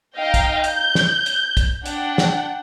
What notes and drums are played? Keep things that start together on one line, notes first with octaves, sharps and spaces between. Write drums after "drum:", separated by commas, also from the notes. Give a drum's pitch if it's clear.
D#4 D#5 F5 G5
drum: kick, hi-hat
G6, drum: hi-hat
drum: snare
drum: hi-hat
drum: kick, hi-hat
D4 F#5 G5, drum: hi-hat
drum: snare